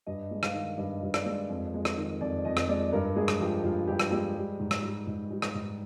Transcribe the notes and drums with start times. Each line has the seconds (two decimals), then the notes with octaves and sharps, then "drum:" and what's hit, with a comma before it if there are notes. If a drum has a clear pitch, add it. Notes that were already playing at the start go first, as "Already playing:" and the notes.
0.06 G2 D#5
0.31 G#3
0.43 F5, drum: rim click
0.54 D#3
0.78 G2 D#5
1.02 G2
1.14 D5, drum: rim click
1.26 G#3
1.49 F2
1.74 G#3
1.85 drum: rim click
1.97 D#3
2.21 F2 D5
2.45 F2 D#5
2.57 drum: rim click
2.68 G#3 D5
2.92 G2 A#4
3.16 G#3 G#4
3.28 drum: rim click
3.40 F3 G4
3.64 G2 F4
3.87 G2 G4
4.00 drum: rim click
4.11 G#3 G4
4.35 G3
4.59 G#2
4.71 drum: rim click
4.83 G3
5.07 G#2
5.31 G3
5.42 drum: rim click
5.54 G#2